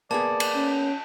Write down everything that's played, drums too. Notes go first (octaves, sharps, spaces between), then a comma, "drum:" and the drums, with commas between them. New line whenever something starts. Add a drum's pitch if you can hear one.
A#3 B3 G#4 D5 A5
drum: cymbal
C#4